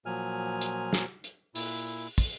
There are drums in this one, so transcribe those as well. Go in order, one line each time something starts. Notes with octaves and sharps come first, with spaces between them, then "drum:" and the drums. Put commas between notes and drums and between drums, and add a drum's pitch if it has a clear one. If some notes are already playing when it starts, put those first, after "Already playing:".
A#2 F3 F#3 G#5 F6
drum: hi-hat
drum: snare
drum: hi-hat
A#2 E4, drum: open hi-hat
drum: kick, open hi-hat